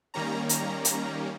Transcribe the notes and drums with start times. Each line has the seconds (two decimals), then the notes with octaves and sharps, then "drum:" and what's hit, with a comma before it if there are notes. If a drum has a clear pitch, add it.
0.14 D#3 G3 A#3 C#4 A#5
0.49 A#5, drum: hi-hat
0.85 A#5, drum: hi-hat